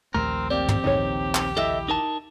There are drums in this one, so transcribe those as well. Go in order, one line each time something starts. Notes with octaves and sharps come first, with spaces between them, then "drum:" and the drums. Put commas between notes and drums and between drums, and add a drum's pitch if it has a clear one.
A#1 D#2 A3 C4 A#4
A#3 C4 G4 D5
drum: tom
A#1 D#2 C#3 D#4 C#5
drum: clap
E4 A4 D#5 E5, drum: tom
D#4 A#4 A5